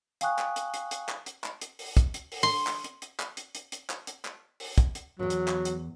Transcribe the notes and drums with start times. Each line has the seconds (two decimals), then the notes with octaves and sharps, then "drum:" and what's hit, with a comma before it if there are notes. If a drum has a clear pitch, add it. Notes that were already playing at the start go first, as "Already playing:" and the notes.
0.21 F5 G5 G#5 C#6 D#6 F#6, drum: hi-hat
0.39 drum: clap
0.56 drum: hi-hat
0.74 drum: hi-hat
0.91 drum: hi-hat
1.09 drum: clap
1.26 drum: hi-hat
1.44 drum: clap
1.61 drum: hi-hat
1.79 drum: open hi-hat
1.97 drum: kick, hi-hat
2.14 drum: hi-hat
2.32 drum: open hi-hat
2.43 C6
2.67 drum: clap
2.84 drum: hi-hat
3.02 drum: hi-hat
3.20 drum: clap
3.37 drum: hi-hat
3.55 drum: hi-hat
3.72 drum: hi-hat
3.90 drum: clap
4.07 drum: hi-hat
4.25 drum: clap
4.60 drum: open hi-hat
4.78 drum: kick, hi-hat
4.95 drum: hi-hat
5.19 E2 G2 F#3
5.30 drum: hi-hat
5.48 drum: clap
5.65 drum: hi-hat